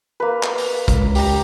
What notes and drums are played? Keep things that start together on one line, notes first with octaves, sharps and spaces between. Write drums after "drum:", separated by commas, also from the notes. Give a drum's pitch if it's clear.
A#3 B4
drum: clap
drum: open hi-hat
C#2, drum: kick, hi-hat
G4 A#5, drum: open hi-hat